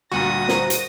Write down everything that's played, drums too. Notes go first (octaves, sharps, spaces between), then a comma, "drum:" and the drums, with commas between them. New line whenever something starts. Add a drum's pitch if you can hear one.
D2 G2 A#2 F#4 D#6 A#6
A#4 C5 A#5, drum: snare
drum: hi-hat